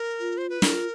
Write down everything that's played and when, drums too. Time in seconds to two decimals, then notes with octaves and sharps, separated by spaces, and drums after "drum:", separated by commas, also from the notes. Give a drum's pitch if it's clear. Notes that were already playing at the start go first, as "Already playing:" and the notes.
Already playing: A#4
0.20 F4
0.38 C5
0.50 B4
0.62 E4 A#4, drum: snare
0.74 F4